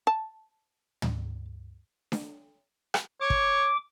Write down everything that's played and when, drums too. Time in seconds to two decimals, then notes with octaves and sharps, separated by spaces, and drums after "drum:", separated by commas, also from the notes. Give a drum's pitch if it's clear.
0.07 A5
1.02 drum: tom
2.12 drum: snare D4
2.94 drum: rim click
3.21 C#5 D6
3.30 drum: kick